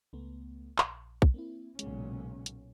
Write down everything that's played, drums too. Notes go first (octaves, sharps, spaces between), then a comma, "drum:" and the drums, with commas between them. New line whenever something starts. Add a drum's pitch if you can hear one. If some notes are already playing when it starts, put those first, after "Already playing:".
C#2 A3 B3
A#1, drum: clap
drum: kick
A#3 C4 E4
B1 A#2 C#3 G#3 C#4, drum: hi-hat
drum: hi-hat